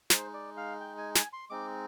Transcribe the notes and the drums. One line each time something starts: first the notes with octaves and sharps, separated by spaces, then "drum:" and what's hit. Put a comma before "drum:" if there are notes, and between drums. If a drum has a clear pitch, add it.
G#3 D#4 C5, drum: snare
D5
F5
G5
G#5
G#5, drum: snare
C6
G#3 C4 D#4 D6